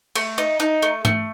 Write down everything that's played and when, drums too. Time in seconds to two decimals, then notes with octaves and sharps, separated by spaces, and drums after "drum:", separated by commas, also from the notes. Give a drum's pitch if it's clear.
0.16 A3, drum: cymbal
0.38 D#4
0.60 D#4
0.82 A3
1.05 A3, drum: tom G#2